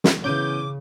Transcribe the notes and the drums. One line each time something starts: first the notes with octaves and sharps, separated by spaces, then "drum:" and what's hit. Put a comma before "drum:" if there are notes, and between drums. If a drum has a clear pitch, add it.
drum: snare
C#3 E3 B3 C#4 D6 G6 D7 D#7